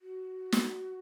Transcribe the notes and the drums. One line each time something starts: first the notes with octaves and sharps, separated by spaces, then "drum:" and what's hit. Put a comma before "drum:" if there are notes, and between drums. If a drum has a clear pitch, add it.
F#4
drum: snare